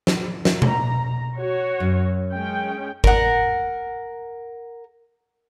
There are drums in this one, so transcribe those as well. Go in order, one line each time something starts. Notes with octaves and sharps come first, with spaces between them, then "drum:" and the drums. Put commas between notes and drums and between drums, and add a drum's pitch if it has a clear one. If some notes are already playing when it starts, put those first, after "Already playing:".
drum: snare
drum: snare
A#5, drum: tom B2
F#4 C#5
F#2
G#3 C#4 G5
A#4 F#5, drum: kick G#1